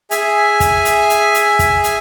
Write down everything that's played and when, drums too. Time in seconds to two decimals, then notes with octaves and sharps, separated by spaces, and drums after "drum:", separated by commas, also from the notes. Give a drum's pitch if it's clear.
0.11 G#4 E5 G#5, drum: hi-hat
0.60 drum: kick, hi-hat
0.85 drum: hi-hat
1.10 drum: hi-hat
1.34 drum: hi-hat
1.59 drum: kick, hi-hat
1.84 drum: hi-hat